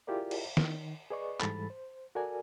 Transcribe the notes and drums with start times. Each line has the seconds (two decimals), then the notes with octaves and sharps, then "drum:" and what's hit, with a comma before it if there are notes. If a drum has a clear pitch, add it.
0.07 E4 F4 G4 G#4 A#4 D5
0.31 drum: cymbal
0.57 D#3, drum: snare
1.11 G#4 B4 D5 D#5 C#6
1.41 G#2 E3 G3 A4 B5 A6, drum: clap
1.70 C5
2.15 F#4 A4 A#4 D5 G#5